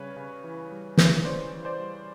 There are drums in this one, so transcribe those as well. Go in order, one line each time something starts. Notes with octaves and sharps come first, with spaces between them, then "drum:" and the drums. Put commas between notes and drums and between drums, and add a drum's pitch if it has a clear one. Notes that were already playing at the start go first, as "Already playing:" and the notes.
Already playing: C#3 G3 B4 C#5
C#3
E3
G3
E3, drum: snare
C#3 C5 D5
E3
C5 D5
G3